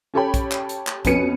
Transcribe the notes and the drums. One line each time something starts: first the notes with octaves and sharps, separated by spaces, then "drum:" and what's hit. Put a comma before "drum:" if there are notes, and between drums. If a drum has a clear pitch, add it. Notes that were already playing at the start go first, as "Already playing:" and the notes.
C#4 G4 A4 C#5 G5 B5
drum: kick, hi-hat
drum: clap
drum: hi-hat
drum: clap
F2 B2 C#4 B4 C#7 D#7, drum: kick, hi-hat